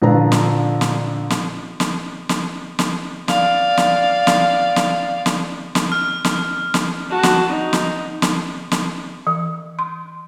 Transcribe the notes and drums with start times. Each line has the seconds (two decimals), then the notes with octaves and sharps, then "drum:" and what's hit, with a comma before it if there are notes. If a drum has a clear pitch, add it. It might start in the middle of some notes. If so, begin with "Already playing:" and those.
0.02 A#1 D3 D4 F4 B4 A#5
0.32 drum: snare
0.81 drum: snare
1.30 drum: snare
1.80 drum: snare
2.29 drum: snare
2.79 drum: snare
3.28 D5 F5, drum: snare
3.77 drum: snare
4.27 drum: snare
4.76 drum: snare
5.26 drum: snare
5.75 drum: snare
5.92 F6
6.24 drum: snare
6.74 drum: snare
7.10 F#4 A5
7.23 drum: snare
7.49 D#4
7.73 drum: snare
8.22 drum: snare
8.72 drum: snare
9.27 E3
9.79 C6